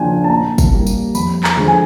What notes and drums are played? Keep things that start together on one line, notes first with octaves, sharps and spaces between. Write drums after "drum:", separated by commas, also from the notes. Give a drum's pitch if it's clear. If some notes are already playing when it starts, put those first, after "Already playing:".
Already playing: C#3 F3 A#3 D4 F4 G5 G#5
A5
A#2 A#5
drum: kick, tambourine
G3 A#3
drum: tambourine
F2 B5, drum: tambourine
A#5, drum: clap
D3 F3 G#3
G#5